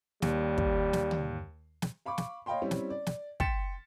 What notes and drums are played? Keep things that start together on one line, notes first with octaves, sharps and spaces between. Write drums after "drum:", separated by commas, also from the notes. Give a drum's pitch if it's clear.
D#2 G3, drum: snare
drum: kick
drum: snare
drum: tom
drum: snare
F5 B5 C#6 D6
drum: snare
C#5 D#5 F5 G5 B5 C6
G3 C4 C#4 E4
drum: snare
D5
drum: snare
G5 C6 A6 B6 C#7 E7, drum: kick